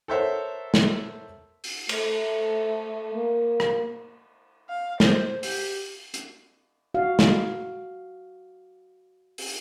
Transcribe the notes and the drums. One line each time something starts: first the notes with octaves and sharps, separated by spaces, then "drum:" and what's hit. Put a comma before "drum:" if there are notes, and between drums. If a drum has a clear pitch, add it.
A4 A#4 C5 C#5 E5 F#5
drum: snare
drum: open hi-hat
A3, drum: cymbal
A#3
drum: rim click
F5
C5, drum: snare
G4, drum: open hi-hat
drum: hi-hat
F#4 F5
drum: snare
drum: open hi-hat